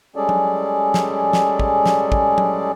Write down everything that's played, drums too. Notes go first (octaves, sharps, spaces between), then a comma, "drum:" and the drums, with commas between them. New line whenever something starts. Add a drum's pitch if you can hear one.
G3 G#3 C#4 G#4 A4 D5
drum: tom F#3
drum: snare
drum: snare
drum: kick
drum: snare
drum: kick
drum: tom F#3